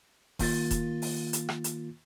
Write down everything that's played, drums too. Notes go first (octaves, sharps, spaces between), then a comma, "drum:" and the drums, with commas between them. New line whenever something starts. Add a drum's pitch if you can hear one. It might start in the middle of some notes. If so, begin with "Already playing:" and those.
D#3 A#3 F4 A6, drum: kick E1, open hi-hat
drum: kick E1, hi-hat
drum: open hi-hat
drum: hi-hat
drum: rim click
drum: hi-hat